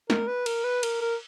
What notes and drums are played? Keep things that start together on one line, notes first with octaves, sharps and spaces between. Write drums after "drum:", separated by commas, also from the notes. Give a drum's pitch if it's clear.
A#4, drum: snare
B4
A#4, drum: cymbal
B4
A#4, drum: cymbal
A#4